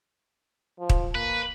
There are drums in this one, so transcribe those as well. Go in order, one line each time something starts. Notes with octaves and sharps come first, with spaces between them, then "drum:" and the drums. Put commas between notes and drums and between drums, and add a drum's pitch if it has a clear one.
F3
drum: kick
A#3 B4